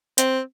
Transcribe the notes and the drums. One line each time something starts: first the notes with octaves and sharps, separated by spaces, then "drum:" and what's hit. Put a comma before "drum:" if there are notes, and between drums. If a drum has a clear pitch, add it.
C4, drum: hi-hat